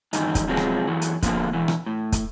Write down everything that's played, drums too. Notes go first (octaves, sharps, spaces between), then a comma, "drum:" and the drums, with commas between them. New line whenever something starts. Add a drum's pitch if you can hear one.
E2 G2 D#3 D#4, drum: hi-hat
drum: kick, hi-hat
C3 F3 F#3 G#3 B3
drum: rim click
F#2 E3 F#3
drum: hi-hat
D3 F3 A#3 B3, drum: kick, hi-hat
B2 E3
drum: rim click
A2
drum: kick, hi-hat